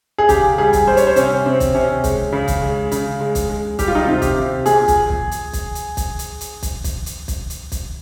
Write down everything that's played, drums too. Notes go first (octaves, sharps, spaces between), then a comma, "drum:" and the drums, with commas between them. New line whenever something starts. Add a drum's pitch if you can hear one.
G#4
C#3 G4, drum: kick, hi-hat
G3 G#4
drum: kick, hi-hat
G3 C5
C#5, drum: hi-hat
C5
C3 C#4, drum: hi-hat
C3 C4
drum: kick, hi-hat
C3 C#4
G#3, drum: kick, hi-hat
C#3
drum: kick, hi-hat
G#3
C#3, drum: hi-hat
G#3
drum: kick, hi-hat
G#3
G3 G4, drum: kick, hi-hat
F4
D#4
C3 F4
G4, drum: kick, hi-hat
C3
A#2 G#4, drum: hi-hat
drum: kick, hi-hat
drum: kick
drum: hi-hat
drum: kick, hi-hat
drum: hi-hat
drum: kick, hi-hat
drum: hi-hat
drum: hi-hat
drum: kick, hi-hat
drum: kick, hi-hat
drum: hi-hat
drum: kick, hi-hat
drum: hi-hat
drum: kick, hi-hat